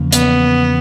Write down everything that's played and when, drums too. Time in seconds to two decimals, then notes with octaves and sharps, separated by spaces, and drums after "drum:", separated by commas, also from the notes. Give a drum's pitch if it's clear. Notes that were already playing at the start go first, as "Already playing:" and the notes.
Already playing: E2 C#3 F3 A#3
0.12 B3, drum: hi-hat